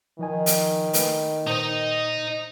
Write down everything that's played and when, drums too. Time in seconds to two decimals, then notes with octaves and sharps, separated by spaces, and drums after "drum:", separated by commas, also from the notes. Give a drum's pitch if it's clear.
0.19 D#3 F3 D#5 G#5
0.46 drum: hi-hat
0.93 A3 A#3 B4, drum: hi-hat
1.47 A#2 D#4 C5 D#5